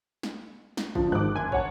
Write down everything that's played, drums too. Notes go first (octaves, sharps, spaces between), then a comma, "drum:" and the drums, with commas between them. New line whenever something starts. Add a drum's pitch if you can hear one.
drum: snare
drum: snare
D3 F3, drum: kick
G#2 D#3 D6 F#6
F#1 G#5
C#5 F#5 A5, drum: kick